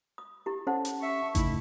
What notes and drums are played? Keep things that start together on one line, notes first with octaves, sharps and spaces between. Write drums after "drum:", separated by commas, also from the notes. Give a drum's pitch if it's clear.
D#6
E4 G4
C#4 A4 C5 F#5 A5
drum: hi-hat
E5 C#6
C#3 A3 D#4 E4, drum: kick G#1, hi-hat